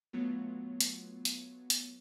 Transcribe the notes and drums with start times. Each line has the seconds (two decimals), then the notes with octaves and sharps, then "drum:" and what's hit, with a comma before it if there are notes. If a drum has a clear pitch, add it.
0.13 F#3 A3 B3 F4
0.81 drum: hi-hat
1.25 drum: hi-hat
1.70 drum: hi-hat